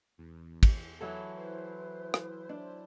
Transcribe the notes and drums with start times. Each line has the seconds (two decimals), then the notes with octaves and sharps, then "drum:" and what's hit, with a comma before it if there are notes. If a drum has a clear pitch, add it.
0.18 E2
0.63 drum: kick, cymbal
1.01 E3 F#3 A4
1.35 E4 B4 C5
2.14 drum: rim click
2.49 D4